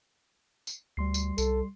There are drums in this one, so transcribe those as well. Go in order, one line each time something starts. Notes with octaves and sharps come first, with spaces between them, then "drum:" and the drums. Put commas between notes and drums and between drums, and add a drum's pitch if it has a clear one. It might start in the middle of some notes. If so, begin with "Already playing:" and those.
drum: tambourine
D2 G3 C6 C7
drum: tambourine
C2 A4, drum: tambourine